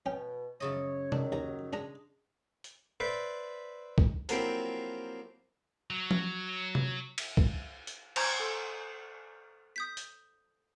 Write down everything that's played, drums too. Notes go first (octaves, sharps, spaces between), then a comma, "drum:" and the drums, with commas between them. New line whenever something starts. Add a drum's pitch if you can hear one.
B2 C#4 G5
F#2 C#3 C#5 D#5
D#3 F#3 D4, drum: tom C3
D#2 A#5
G#3 D4 A#5
drum: hi-hat
B4 C5 D5 E5
drum: kick
F3 F#3 A#3 C4 E4 G4, drum: hi-hat
F#3
drum: tom F3
drum: tom C3
drum: cymbal
drum: kick
drum: hi-hat
C5 A5 A#5 C6 G6 G#6, drum: cymbal
A4
D#6 G6 B6
drum: hi-hat